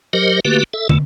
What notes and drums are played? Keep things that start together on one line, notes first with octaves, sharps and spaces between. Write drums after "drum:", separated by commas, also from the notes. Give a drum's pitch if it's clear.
F#3 G4 A#4 C5 D#5
D3 A3 A#3 F#4 G4 B4
A4 E5
E2 A3, drum: tom